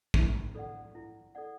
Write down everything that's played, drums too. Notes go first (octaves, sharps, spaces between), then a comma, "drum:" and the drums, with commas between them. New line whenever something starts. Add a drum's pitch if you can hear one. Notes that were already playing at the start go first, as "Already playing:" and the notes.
A2 E4, drum: kick
A4 D5 F#5
E4
A4 D5 F#5